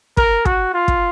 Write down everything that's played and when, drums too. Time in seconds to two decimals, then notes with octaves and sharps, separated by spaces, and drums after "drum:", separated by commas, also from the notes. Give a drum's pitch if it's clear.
0.17 A#4, drum: kick
0.45 F#4, drum: kick
0.74 F4
0.88 drum: kick